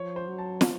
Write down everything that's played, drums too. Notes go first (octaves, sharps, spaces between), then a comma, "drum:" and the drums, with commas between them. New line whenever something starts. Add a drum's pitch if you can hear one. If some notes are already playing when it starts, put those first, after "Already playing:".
Already playing: F3 C#5
C5
F#3
A5
drum: snare